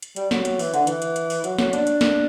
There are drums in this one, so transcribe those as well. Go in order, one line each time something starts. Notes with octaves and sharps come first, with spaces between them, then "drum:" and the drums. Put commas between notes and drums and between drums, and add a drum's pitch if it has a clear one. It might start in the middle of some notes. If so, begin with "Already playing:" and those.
drum: hi-hat
G3, drum: hi-hat
F#3, drum: snare
drum: hi-hat
E3, drum: open hi-hat
D3, drum: hi-hat
E3, drum: hi-hat
drum: hi-hat
drum: hi-hat
drum: open hi-hat
F#3, drum: hi-hat
F#3, drum: snare
D4, drum: hi-hat
drum: hi-hat
drum: snare